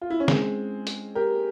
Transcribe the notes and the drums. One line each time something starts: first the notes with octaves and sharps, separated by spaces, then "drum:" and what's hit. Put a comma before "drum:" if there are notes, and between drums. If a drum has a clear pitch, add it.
F4
E4
C#4
G#3 C4, drum: snare
drum: hi-hat
G4 A#4